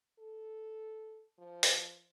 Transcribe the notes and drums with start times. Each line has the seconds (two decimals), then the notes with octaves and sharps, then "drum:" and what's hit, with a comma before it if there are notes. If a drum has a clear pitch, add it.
0.19 A4
1.39 F3
1.63 drum: open hi-hat